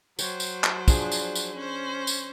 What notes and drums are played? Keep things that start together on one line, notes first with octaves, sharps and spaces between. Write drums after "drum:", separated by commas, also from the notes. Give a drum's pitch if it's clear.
F#3 C5 C#5 G5, drum: tambourine
drum: tambourine
drum: clap
F3 D4 G#4, drum: kick, tambourine
drum: tambourine
drum: tambourine
C#4 C5
drum: tambourine